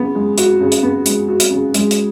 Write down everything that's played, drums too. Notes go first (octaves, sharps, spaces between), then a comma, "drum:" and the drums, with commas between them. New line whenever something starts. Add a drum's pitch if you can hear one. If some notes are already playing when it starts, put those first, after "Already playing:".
Already playing: C#3 B3
G#3
F#4, drum: hi-hat
C#3
drum: hi-hat
B3
G#3, drum: hi-hat
F#4
drum: hi-hat
C#3
G#3, drum: hi-hat
drum: hi-hat